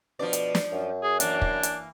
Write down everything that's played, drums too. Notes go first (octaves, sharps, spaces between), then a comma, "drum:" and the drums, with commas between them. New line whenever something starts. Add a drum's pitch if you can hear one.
B2 F3 D4 D5
drum: hi-hat
drum: snare
F#2
G#4
E3 A#3 D4, drum: hi-hat
drum: kick
drum: hi-hat